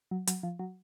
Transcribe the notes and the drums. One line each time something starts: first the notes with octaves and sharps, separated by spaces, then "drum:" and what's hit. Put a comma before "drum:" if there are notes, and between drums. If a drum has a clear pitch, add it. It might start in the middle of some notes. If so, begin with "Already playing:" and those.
F#3
F#3, drum: hi-hat
F3
F#3